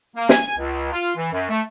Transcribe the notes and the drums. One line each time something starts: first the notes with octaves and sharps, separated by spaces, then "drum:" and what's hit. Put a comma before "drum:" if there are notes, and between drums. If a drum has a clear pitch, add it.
A#3
G#5, drum: snare
C#2
F4
E3
F#2
A3